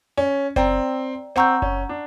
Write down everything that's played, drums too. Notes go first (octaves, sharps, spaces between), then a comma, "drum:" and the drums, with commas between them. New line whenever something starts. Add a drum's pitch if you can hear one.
C#4
C4 D5 G5 A#5, drum: kick F#1
C4 F#5 A#5 C#6 E6 G6
C#4, drum: kick F#1
D4